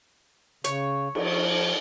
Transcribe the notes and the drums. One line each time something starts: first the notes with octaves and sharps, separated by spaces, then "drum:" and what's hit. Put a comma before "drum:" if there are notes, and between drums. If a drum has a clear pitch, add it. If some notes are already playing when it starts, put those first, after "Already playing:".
C#3 C#5, drum: hi-hat
F3, drum: cymbal